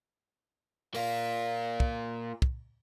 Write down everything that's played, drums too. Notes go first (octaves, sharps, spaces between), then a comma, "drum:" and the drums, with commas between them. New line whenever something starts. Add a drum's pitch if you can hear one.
A#3 F4, drum: open hi-hat
drum: kick
drum: kick